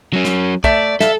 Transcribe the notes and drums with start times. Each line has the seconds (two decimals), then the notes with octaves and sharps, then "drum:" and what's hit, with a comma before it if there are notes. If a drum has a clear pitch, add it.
0.13 F#3 C#4
0.25 drum: snare
0.64 A3 D5 E5, drum: kick
1.00 A4 E5 F5, drum: snare